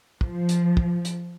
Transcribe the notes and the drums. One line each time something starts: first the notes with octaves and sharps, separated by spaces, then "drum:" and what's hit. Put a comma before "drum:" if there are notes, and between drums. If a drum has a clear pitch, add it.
F3, drum: kick
drum: hi-hat
drum: kick
drum: hi-hat